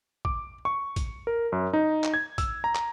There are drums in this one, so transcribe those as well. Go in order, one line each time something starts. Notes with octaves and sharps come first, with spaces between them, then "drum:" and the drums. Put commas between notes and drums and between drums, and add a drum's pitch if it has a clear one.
D6, drum: kick
C#6
drum: kick, hi-hat
A#4
F#2
D#4
drum: clap
G#6
E6, drum: kick, hi-hat
A#5
drum: clap